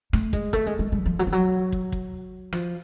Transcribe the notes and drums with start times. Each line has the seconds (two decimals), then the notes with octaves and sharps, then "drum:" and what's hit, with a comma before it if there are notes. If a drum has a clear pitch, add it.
0.13 A3, drum: rim click
0.33 G#3, drum: kick
0.53 A3, drum: kick
0.67 G#3
0.79 G#3
0.92 G#3
1.01 D3
1.06 F3
1.19 F#3
1.27 F3
1.32 F#3
1.72 drum: kick
1.92 drum: kick
2.52 F3, drum: rim click